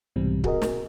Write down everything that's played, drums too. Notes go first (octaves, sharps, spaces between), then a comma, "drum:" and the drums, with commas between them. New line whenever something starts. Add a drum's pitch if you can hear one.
C2 G#2 B2 E3 G3 C4
F#4 G#4 A#4 D#5, drum: kick C#1
drum: snare